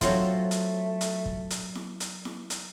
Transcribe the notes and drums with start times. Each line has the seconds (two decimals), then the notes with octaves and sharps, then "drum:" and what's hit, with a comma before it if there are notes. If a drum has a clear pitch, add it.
0.01 F#3 A3 C4 F4, drum: kick, hi-hat
0.51 drum: hi-hat
1.01 drum: hi-hat
1.26 drum: kick
1.50 drum: hi-hat
1.75 drum: snare E4
2.00 drum: hi-hat
2.25 drum: snare E4
2.50 drum: hi-hat